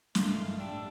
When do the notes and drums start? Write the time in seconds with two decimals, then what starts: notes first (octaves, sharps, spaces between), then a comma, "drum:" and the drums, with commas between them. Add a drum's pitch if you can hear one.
0.15 A#1 G2 A#2 D3 G#3 A3 F5, drum: snare
0.59 A#1 A2 G3 D4 G4 E6